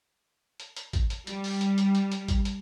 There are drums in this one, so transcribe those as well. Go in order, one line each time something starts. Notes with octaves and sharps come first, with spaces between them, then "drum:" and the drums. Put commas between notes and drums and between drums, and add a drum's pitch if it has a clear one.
drum: hi-hat
drum: hi-hat
drum: kick G#1, hi-hat
drum: hi-hat
G3, drum: hi-hat
drum: open hi-hat
drum: hi-hat
drum: hi-hat
drum: hi-hat
drum: hi-hat
drum: kick G#1, hi-hat
drum: hi-hat